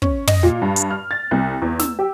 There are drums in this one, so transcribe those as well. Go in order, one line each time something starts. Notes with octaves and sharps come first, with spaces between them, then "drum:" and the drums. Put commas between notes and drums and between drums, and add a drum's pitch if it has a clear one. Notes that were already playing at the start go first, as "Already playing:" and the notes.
C#4, drum: kick
D#5, drum: tom
A#2
G2
drum: hi-hat
F6
A6
C2
E2
E6, drum: snare
G4